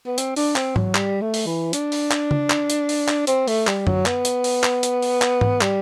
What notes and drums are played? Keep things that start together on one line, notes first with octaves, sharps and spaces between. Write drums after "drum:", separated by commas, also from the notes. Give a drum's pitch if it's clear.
B3
C4, drum: hi-hat
D4, drum: open hi-hat
C4, drum: clap
F#3, drum: tom G#2
G3, drum: clap
A3
drum: open hi-hat
E3
D4, drum: hi-hat
drum: open hi-hat
drum: clap
drum: tom C#3
drum: clap
drum: hi-hat
drum: open hi-hat
drum: clap
C4, drum: hi-hat
A3, drum: open hi-hat
G3, drum: clap
F#3, drum: tom F#2
B3, drum: clap
drum: hi-hat
drum: open hi-hat
drum: clap
drum: hi-hat
drum: open hi-hat
drum: clap
drum: tom G#2
G3, drum: clap